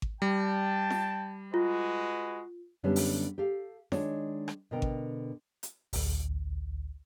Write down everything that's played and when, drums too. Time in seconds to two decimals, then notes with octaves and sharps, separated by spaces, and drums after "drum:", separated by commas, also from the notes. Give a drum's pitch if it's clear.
0.02 drum: kick G#1
0.22 G3 G5 A5
0.90 drum: snare
1.54 G#3 F4 F#4 B4
2.83 F#2 D3 G3 B3 C#4
2.96 drum: open hi-hat
3.38 G4 A4 F5
3.92 D#3 G#3 D4 C#5, drum: snare
4.48 drum: rim click
4.71 B2 D3 A#4 G5
4.82 drum: kick G#1
5.63 drum: hi-hat
5.93 A1 D2, drum: open hi-hat